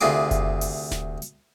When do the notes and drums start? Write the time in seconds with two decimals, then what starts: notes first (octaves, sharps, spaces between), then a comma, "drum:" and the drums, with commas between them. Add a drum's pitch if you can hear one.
0.01 D2 C3 F4 G#4 D6
0.31 drum: kick F#1, hi-hat
0.61 drum: open hi-hat
0.91 drum: snare D#1
1.22 drum: hi-hat